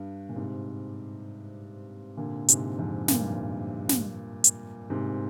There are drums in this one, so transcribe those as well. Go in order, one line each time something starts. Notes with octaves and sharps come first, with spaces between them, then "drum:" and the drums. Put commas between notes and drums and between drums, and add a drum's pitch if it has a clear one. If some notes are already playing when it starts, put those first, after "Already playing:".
Already playing: G2
A#2
G#2 C3
A#2 D3
G#2 C3, drum: hi-hat
F2 G#2
G2 A#2, drum: snare
drum: snare
drum: hi-hat
G#2 C3